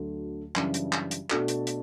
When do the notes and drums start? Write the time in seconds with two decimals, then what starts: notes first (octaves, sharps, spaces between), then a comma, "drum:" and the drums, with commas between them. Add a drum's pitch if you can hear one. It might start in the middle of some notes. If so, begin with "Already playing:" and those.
Already playing: D2 D3 F#3 A3
0.56 F#2 C#3 E3 G3 D4, drum: clap
0.74 drum: hi-hat
0.93 drum: clap
1.11 drum: hi-hat
1.30 B2 A3 D4 F#4 A4, drum: clap
1.48 drum: hi-hat
1.67 drum: hi-hat